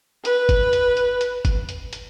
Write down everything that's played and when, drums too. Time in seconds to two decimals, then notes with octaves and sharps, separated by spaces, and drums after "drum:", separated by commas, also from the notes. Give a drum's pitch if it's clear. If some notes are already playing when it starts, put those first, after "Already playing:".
0.25 B4, drum: hi-hat
0.49 drum: kick G1, hi-hat
0.73 drum: hi-hat
0.97 drum: hi-hat
1.21 drum: hi-hat
1.45 drum: kick G1, hi-hat
1.69 drum: hi-hat
1.93 drum: hi-hat